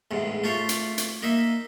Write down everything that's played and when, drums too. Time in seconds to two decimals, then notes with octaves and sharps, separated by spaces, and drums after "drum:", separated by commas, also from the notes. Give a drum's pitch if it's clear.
0.11 A1 E2 G#2
0.44 A3 F4 C#5
0.69 drum: hi-hat
0.98 drum: hi-hat
1.23 A#3 D#4 E5